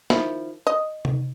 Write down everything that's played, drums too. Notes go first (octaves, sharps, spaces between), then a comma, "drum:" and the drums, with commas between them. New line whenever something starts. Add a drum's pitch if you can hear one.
D#3 F3 E4, drum: snare
D#5
drum: tom C3